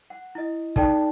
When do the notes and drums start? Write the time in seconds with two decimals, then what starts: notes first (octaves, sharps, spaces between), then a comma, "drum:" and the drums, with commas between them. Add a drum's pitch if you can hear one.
0.10 F#5
0.35 E4 D#5
0.76 D#4 A4 D5 G5 A5, drum: kick